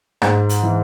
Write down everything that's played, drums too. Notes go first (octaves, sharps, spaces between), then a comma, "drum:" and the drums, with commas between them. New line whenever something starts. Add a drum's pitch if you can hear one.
G#2, drum: rim click
drum: hi-hat
E3